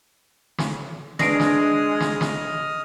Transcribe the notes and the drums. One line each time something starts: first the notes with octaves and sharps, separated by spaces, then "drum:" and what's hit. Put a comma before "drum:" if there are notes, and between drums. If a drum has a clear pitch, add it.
drum: snare
G#3 D4 D#5 D#6 F6 A#6 C7 D7, drum: snare
drum: snare
drum: snare
drum: snare